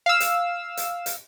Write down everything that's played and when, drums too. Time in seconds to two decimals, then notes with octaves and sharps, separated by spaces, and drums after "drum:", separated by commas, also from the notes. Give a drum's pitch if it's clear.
0.06 F5 E6
0.20 drum: hi-hat
0.77 drum: hi-hat
1.06 drum: hi-hat